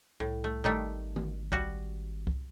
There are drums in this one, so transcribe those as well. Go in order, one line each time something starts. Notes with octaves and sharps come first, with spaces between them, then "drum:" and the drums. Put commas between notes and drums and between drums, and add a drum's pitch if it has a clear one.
C2 A2
A3
G#1 D#3 G3 A3
drum: tom D#3
G3 F#4, drum: kick C2
drum: kick C2